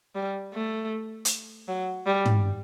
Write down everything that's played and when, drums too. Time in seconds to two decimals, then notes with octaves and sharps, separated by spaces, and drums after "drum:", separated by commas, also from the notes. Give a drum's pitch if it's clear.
0.15 G3
0.53 A3
1.25 drum: hi-hat
1.68 F#3
2.06 G3
2.25 drum: tom